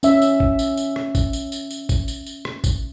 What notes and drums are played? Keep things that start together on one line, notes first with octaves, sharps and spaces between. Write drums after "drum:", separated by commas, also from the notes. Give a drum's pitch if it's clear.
C#4 E5, drum: tambourine
drum: tambourine
drum: kick G#1
drum: tambourine
drum: tambourine
drum: rim click
drum: kick G#1, tambourine
drum: tambourine
drum: tambourine
drum: tambourine
drum: kick G#1, tambourine
drum: tambourine
drum: tambourine
drum: rim click
drum: kick G#1, tambourine